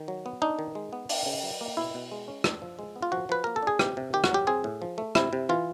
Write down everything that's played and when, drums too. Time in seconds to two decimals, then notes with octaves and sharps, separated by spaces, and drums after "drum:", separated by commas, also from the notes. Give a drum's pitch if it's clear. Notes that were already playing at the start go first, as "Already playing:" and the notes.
Already playing: D#3
0.08 F#3
0.26 B3
0.42 D4 D#4
0.59 D#3
0.75 G#3
0.93 B3
1.09 D4, drum: open hi-hat
1.26 C#3
1.43 F#3
1.61 A#3
1.77 B2 E4
1.94 B2
2.12 G#3
2.28 C#4
2.44 D4, drum: rim click
2.62 F3
2.79 G#3
2.96 B3
3.02 F4
3.12 F3 F#4
3.29 F3 B4
3.44 A#3 A#4
3.56 A4
3.63 D4 G#4
3.79 C3 G4, drum: rim click
3.97 C3
4.13 D#3 G4
4.24 F#4, drum: rim click
4.31 F#3 G4
4.47 C4 G#4
4.64 A2
4.82 F3
4.98 A3
5.15 C3 E4, drum: rim click
5.33 C3
5.49 E3 F4